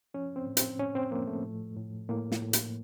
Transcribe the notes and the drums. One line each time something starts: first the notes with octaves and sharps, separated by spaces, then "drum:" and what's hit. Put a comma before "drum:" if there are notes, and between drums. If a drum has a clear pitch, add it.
F3 C#4
C4
A2
C4, drum: hi-hat
A2 C#4
C4
F3 A#3
A3
A2
A2
A2 A#3
drum: snare
A2
drum: hi-hat